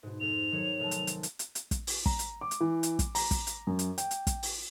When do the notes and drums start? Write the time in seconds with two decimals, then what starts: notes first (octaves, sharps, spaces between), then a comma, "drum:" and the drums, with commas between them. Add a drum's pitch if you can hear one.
0.03 G#2 B2
0.21 F2 F7
0.52 D#3 F#3 C#5
0.79 F1 C4 A5
0.91 drum: hi-hat
1.07 drum: hi-hat
1.23 drum: hi-hat
1.39 drum: hi-hat
1.55 drum: hi-hat
1.71 drum: kick, hi-hat
1.87 drum: open hi-hat
2.06 A#5, drum: kick
2.19 drum: hi-hat
2.41 D6
2.51 drum: hi-hat
2.61 E3
2.83 drum: hi-hat
2.99 drum: kick, hi-hat
3.15 A#5, drum: open hi-hat
3.31 drum: kick, hi-hat
3.47 drum: hi-hat
3.67 F#2
3.79 drum: hi-hat
3.98 G5, drum: hi-hat
4.11 drum: hi-hat
4.27 drum: kick, hi-hat
4.43 drum: open hi-hat